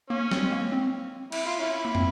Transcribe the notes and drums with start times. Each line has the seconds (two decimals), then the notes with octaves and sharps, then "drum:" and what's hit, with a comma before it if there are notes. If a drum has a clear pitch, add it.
0.10 A#3 C#4
0.31 C4, drum: snare
0.44 G#3
0.52 A#3
0.72 C4
1.32 E4, drum: cymbal
1.46 F4
1.59 C#4 E4
1.85 A#3
1.95 C4, drum: tom